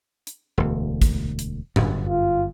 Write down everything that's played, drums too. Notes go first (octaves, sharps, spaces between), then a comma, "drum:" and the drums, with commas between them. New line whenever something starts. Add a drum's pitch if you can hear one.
drum: hi-hat
E1 D2
drum: kick, hi-hat
drum: hi-hat
G1 F#2, drum: tom A2
F4